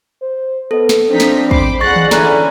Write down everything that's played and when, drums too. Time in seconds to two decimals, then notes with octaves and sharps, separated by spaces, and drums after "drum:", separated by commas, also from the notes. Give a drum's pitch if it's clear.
0.22 C5
0.71 B3 A4 D#5
0.89 drum: snare
1.10 F3 C4 D4 D#4 B6
1.20 drum: snare
1.51 C5 B5 D6 C7, drum: kick
1.81 F2 G#4 D5 F#5 C#6 F#6 A6 A#6
1.96 drum: tom D#3
2.11 D3 E3 C#4 E4 A#5 F#6, drum: snare